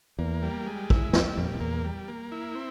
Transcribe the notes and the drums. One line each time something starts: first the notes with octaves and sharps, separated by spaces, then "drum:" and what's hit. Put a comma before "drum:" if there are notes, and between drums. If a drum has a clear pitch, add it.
E2 A#3
G3
G#3
E4, drum: kick
F2 G3, drum: snare
F2 A#2
F2
E2 A#3
G3
A#3
E4
C4